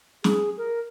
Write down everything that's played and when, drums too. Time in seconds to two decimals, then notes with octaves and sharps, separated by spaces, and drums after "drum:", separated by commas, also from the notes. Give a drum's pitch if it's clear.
0.24 G#4, drum: snare
0.58 A#4